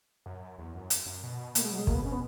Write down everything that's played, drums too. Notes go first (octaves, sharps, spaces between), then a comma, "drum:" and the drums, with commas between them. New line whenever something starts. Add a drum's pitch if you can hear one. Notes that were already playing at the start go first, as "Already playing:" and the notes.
F#2
E2
F#2
drum: hi-hat
F#2
B2
B2 A#3, drum: hi-hat
G#3
F#3
G#3
B2 A#3, drum: kick
B3
C#4
B3